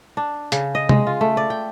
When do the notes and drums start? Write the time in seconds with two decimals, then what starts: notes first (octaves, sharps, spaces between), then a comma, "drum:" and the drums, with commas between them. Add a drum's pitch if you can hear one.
0.17 D4
0.52 C#3, drum: hi-hat
0.75 D#5
0.89 G#3, drum: tom
1.07 F4
1.21 A3
1.37 D5
1.50 G5